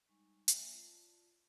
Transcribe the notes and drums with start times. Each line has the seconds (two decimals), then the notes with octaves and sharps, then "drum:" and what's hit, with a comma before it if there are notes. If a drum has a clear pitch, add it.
0.08 G3 G#3 D#4 G#5 C#6
0.48 A3 C#4 C#5 E5 G5 G#5, drum: hi-hat
0.72 F4 D5 A5